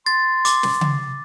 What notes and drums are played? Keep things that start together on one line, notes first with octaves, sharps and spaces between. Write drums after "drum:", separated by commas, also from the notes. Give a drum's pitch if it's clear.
C6 A6
D6, drum: hi-hat
drum: snare
drum: tom C#3